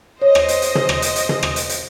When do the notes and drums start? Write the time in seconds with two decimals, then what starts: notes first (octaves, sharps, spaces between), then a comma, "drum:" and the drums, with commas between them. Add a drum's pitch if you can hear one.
0.22 C5 C#5 D#5
0.35 drum: rim click
0.48 drum: hi-hat
0.62 drum: hi-hat
0.75 drum: tom
0.89 drum: rim click
1.02 drum: hi-hat
1.16 drum: hi-hat
1.29 drum: tom
1.43 drum: rim click
1.56 drum: hi-hat
1.69 drum: hi-hat